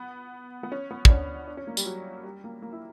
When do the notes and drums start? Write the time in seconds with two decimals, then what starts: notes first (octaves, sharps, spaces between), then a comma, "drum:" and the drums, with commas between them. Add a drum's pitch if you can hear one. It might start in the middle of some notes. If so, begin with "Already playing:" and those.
Already playing: B3
0.63 B3
0.72 C#4
0.91 B3
1.05 D4, drum: kick
1.10 C#4
1.47 D4
1.57 C#4
1.67 A#3
1.77 G3, drum: tambourine
1.86 F#3
2.24 G3
2.44 A#3
2.62 A#3
2.72 E4